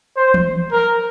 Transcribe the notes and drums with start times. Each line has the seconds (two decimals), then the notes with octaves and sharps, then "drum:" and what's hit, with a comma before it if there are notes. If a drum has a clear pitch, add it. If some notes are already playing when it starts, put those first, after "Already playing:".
0.17 C5
0.34 drum: tom
0.72 A#4